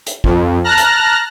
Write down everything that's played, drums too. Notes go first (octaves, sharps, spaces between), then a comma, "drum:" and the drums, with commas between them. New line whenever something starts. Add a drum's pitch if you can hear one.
drum: hi-hat
F2, drum: kick
A5 A#5 F6 F#6 A#6
drum: hi-hat